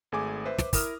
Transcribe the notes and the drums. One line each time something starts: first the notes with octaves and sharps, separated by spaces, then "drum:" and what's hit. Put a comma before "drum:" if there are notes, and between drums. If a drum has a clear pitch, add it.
G#1 A3 G#4 G#5 D6
B4 C5 E5
drum: snare
E4 A#4 D#6 F6, drum: kick, open hi-hat